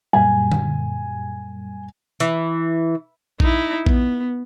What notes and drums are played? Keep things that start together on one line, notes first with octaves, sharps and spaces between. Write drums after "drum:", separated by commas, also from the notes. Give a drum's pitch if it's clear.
F#2 A#2 G3 G#5
drum: tom D3
E3, drum: hi-hat
D#4 E4, drum: kick A#1
B3, drum: kick A#1